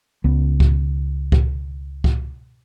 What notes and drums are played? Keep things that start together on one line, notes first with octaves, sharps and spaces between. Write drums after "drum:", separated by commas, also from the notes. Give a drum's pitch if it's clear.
C#2 B3
drum: kick C#2
drum: kick C#2
drum: kick C#2